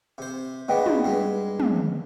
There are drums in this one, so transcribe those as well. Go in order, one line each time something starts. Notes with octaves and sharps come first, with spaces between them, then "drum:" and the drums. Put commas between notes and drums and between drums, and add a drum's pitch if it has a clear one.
C3 C5
C#3 B3 D4 B4 D#5 G5
drum: tom
G2 G#3
drum: tom